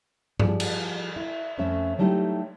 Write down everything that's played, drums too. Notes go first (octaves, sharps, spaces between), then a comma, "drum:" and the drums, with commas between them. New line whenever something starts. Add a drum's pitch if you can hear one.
F3 G3 G#4 D5, drum: tom G2
drum: cymbal
E4
F2 A3 C#4 A4 E5
F#3 G3 A3 D#4 E4 G4